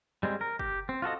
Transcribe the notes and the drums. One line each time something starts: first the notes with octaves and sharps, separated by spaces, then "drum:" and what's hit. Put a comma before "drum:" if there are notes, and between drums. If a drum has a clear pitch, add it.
G3 G#3 C4
A#4
G4, drum: kick
C4
F4 F#4 A4 D#5